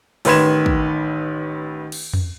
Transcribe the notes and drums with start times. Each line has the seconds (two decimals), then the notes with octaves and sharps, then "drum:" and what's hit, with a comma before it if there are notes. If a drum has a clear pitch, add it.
0.25 A1 D#3 B4 C6 G#6 E7, drum: open hi-hat
0.66 drum: kick
1.92 drum: cymbal
2.14 drum: tom F2